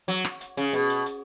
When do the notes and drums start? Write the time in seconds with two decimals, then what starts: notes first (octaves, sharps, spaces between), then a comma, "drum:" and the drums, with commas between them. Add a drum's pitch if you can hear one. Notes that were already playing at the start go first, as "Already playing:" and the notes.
0.08 F#3, drum: hi-hat
0.25 drum: rim click
0.41 drum: hi-hat
0.57 C#3, drum: hi-hat
0.73 B2, drum: hi-hat
0.90 drum: hi-hat
1.06 drum: hi-hat